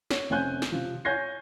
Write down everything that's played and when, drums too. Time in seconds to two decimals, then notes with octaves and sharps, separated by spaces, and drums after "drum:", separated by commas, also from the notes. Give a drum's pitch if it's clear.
0.11 C#5, drum: snare
0.30 F1 C4 C#4 G#5 F#6 G6
0.62 drum: snare
0.72 C3 F3
1.05 C#5 G#5 G6 G#6 A#6 C7